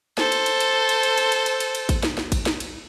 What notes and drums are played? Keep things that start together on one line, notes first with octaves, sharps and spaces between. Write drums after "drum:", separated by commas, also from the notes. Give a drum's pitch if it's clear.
A4 C5, drum: snare
drum: cymbal
drum: cymbal
drum: cymbal
drum: cymbal
drum: cymbal
drum: cymbal
drum: cymbal
drum: cymbal
drum: cymbal
drum: cymbal
drum: kick A1, cymbal
drum: snare
drum: snare
drum: kick A1, cymbal
drum: snare
drum: cymbal